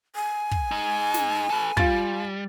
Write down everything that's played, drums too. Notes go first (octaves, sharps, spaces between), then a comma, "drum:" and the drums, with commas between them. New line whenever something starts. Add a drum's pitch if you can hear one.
G#5
drum: kick
D#4 G#4
drum: snare
A4 B4
G3 F4 A6, drum: kick